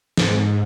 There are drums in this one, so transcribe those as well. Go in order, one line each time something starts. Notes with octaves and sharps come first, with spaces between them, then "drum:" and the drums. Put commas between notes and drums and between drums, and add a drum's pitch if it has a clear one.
G#2, drum: snare